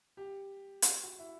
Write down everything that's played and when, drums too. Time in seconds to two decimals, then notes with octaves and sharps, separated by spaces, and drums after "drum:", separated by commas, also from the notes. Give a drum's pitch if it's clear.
0.17 G4
0.82 drum: hi-hat
1.03 F#4
1.19 E4